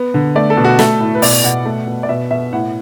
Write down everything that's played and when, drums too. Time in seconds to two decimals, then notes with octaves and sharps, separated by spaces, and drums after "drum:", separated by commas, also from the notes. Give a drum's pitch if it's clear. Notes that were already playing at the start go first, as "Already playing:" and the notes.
Already playing: B3
0.14 D3
0.35 A3 D5
0.50 A4
0.57 B2
0.65 F#4
0.79 A3 A4, drum: snare
1.00 A2
1.15 B4
1.22 B2 D5, drum: open hi-hat
1.44 B2 F#5
1.65 A3
1.87 B2
2.03 D5
2.09 B2 E5
2.31 B2 E5
2.53 A2 F#5